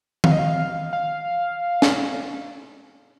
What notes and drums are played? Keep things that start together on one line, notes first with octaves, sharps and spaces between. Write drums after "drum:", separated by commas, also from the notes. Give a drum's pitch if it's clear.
F5, drum: tom D#3
D#5
F5
F5
drum: snare